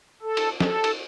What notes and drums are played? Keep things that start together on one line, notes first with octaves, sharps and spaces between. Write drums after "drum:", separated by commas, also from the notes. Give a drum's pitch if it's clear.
A4
drum: cymbal
A4, drum: snare
drum: cymbal